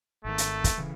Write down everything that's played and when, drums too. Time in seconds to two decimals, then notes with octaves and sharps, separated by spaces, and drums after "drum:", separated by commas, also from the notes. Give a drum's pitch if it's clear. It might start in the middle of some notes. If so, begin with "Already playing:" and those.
0.25 G#1 G#2 D#3 A3
0.38 drum: hi-hat
0.64 drum: kick, hi-hat
0.78 C#3 E3